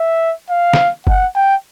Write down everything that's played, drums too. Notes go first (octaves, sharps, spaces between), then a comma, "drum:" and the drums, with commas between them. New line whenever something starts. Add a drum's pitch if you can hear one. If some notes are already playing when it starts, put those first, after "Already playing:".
Already playing: E5
F5
drum: snare
F#5, drum: kick F#1
G5